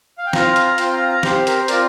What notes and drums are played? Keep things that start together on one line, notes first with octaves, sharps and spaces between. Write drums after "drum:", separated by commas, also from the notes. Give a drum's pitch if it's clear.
F5
G5
C4 F4 F5 A#5, drum: snare
drum: hi-hat
C4 F4 G5 C6, drum: hi-hat
F5 A#5
F5 A#5
C4 G4 C5 F5, drum: snare
C5
A#4, drum: hi-hat
C5
C4 F4 A#4 D5, drum: hi-hat